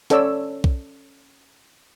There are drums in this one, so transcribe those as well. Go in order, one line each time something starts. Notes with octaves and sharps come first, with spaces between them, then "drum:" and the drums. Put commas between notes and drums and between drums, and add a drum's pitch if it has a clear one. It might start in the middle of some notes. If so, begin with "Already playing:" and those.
C#4 A4 C#5 D5 E6, drum: hi-hat
drum: kick B1